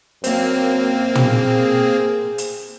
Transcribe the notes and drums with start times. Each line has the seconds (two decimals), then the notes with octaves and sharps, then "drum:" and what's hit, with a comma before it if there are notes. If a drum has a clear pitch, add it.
0.24 F#2 A#3 C4, drum: hi-hat
1.15 G#4, drum: tom
2.38 drum: hi-hat